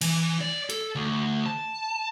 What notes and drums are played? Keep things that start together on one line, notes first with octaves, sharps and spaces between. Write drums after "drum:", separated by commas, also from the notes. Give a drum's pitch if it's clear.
E3, drum: cymbal
D5
A4, drum: hi-hat
D2
A5